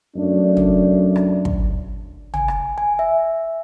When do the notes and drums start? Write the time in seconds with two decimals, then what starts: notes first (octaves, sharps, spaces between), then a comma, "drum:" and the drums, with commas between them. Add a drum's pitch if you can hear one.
0.16 F#2 A3 D4
0.57 drum: tom
1.16 drum: rim click
1.45 drum: kick
2.34 G#5, drum: tom
2.48 drum: rim click
2.78 G#5
2.99 E5